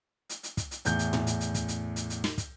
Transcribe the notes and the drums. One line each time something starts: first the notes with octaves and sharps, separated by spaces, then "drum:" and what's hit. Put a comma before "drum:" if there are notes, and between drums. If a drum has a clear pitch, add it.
drum: hi-hat
drum: hi-hat
drum: kick, hi-hat
drum: hi-hat
E2 A2 G6, drum: hi-hat
drum: hi-hat
drum: tom A2
drum: hi-hat
drum: hi-hat
drum: kick, hi-hat
drum: hi-hat
drum: hi-hat
drum: hi-hat
drum: snare
drum: kick, hi-hat